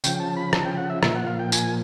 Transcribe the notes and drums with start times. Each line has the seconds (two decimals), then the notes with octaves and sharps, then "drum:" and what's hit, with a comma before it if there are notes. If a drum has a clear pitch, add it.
0.04 C#3 F3 G5, drum: tambourine
0.20 A5
0.37 B5
0.53 A5, drum: rim click
0.65 G5
0.77 F#5
0.90 E5
1.03 A#2 F3 E5, drum: rim click
1.15 F#5
1.27 F5
1.39 G5
1.52 G#5, drum: tambourine